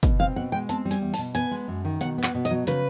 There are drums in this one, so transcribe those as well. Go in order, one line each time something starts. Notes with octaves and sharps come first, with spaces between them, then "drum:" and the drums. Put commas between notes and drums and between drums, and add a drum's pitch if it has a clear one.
B2, drum: kick, hi-hat
C4 F5
B2 F#5
G#3 G5
C4 A5, drum: hi-hat
G3
G#5, drum: hi-hat
E2
A5, drum: open hi-hat
B2
B3 G#5, drum: hi-hat
G#3
F#2
D#3
B2 F#5, drum: hi-hat
B3
F#5, drum: clap
B2
D#5, drum: hi-hat
F#3
C#3 B4, drum: hi-hat